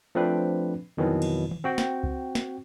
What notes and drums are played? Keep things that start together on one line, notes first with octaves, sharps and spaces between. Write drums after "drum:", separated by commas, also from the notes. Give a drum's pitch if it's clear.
F3 A3 C4 D4 B4
F2 B2 D#3 E3 F#3
drum: cymbal
drum: tom D#3
C4 F#4 G5
drum: snare
drum: kick C2
drum: snare